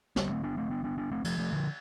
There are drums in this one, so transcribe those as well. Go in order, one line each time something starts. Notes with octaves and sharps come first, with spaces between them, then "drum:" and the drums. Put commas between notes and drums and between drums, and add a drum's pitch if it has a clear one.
D2 D3 G3 B3, drum: snare
A3 C4
B3 D4
A3 C4
B3 D4
B3 D4
B3 D4
A3 C4
F3 A3, drum: cymbal
F3 A3
D3 F3